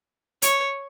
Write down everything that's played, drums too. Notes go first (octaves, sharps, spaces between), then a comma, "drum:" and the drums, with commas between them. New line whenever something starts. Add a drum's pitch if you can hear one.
C#5, drum: hi-hat